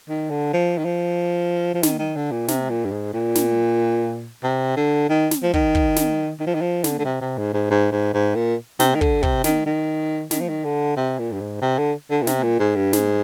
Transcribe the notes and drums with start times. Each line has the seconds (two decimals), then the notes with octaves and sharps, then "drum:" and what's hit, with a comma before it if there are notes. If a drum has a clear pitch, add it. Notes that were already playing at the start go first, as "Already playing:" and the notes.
0.09 D#3
0.30 D3
0.53 F3
0.78 D#3
0.85 F3
1.75 F3
1.83 D#3, drum: snare
1.99 D#3
2.16 D3
2.31 A#2
2.48 C3, drum: snare
2.70 A#2
2.84 G2
2.91 G#2
3.14 A#2
3.35 drum: snare
4.44 C3
4.77 D3
5.09 D#3
5.31 drum: snare
5.43 F3
5.54 D#3, drum: kick
5.75 drum: kick
5.96 drum: snare
6.40 D#3
6.47 F3
6.54 D#3
6.62 F3
6.84 D3, drum: snare
6.99 D3
7.05 C3
7.21 C3
7.38 G#2
7.54 G#2
7.70 G#2
7.92 G#2
8.14 G#2
8.35 A#2
8.80 C3, drum: snare
8.95 D#3
9.01 D3, drum: kick
9.23 C3, drum: kick
9.44 D#3, drum: snare
9.66 D#3
10.31 D#3, drum: snare
10.41 F3
10.49 D#3
10.65 D3
10.97 C3
11.19 A#2
11.32 G2
11.41 G#2
11.62 C3
11.79 D3
12.11 D3
12.22 A#2
12.27 C3, drum: snare
12.43 A#2
12.59 G#2
12.76 G2
12.93 G#2, drum: snare